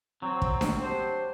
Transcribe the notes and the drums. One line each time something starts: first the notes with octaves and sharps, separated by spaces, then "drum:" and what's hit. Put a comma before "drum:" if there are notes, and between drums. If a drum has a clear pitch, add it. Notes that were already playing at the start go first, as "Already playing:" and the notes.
F#3 C4
drum: kick
drum: snare D4
D4 G4 C5